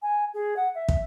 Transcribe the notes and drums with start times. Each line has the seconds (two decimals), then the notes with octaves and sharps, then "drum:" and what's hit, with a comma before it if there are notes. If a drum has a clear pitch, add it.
0.02 G#5
0.34 G#4
0.56 F#5
0.75 E5
0.89 drum: kick